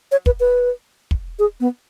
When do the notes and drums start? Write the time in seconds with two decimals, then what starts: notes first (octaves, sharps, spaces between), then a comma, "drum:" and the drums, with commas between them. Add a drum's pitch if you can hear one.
0.12 C#5
0.26 B4, drum: kick
0.40 B4
1.11 drum: kick
1.39 G#4
1.60 B3